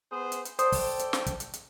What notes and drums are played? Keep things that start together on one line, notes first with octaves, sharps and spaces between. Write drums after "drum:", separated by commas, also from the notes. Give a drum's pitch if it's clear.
B3 G#4 C5
drum: hi-hat
drum: hi-hat
A4 C5 D5 G5 D#6, drum: hi-hat
drum: kick, open hi-hat
drum: hi-hat
drum: snare
drum: kick, hi-hat
drum: hi-hat
drum: hi-hat